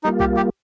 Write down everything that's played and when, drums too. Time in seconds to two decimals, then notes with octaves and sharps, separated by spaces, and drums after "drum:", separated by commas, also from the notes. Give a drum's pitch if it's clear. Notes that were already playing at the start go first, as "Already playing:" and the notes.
0.04 G3 A#3 D#4 F4
0.20 G4, drum: kick B1
0.37 G4